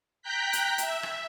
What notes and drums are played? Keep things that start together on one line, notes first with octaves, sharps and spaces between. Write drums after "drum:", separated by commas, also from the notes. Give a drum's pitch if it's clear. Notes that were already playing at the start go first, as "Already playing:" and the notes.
G5 A#5 F#6 G6 B6
drum: hi-hat
E5, drum: hi-hat
drum: rim click